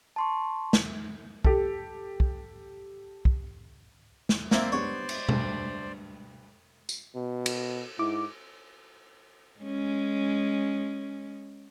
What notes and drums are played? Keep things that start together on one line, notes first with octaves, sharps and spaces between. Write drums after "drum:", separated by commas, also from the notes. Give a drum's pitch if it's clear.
A5 C6 C#6
drum: snare
G4 A4, drum: kick
drum: kick
drum: kick
drum: snare
A#3 C4 E4 C5 D5, drum: snare
G3 B3 D4 C#5
drum: cymbal
D2 G2 D3, drum: tom B2
drum: tambourine
B2
drum: cymbal
G#2 E4 D6
G#3 C#4